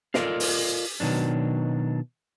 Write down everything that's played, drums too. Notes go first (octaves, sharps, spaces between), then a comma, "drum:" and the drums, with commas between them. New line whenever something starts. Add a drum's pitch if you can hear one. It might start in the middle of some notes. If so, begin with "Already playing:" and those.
F4 A4 A#4 D5 D#5 F5, drum: snare
drum: open hi-hat
B2 D#3 F#3 D4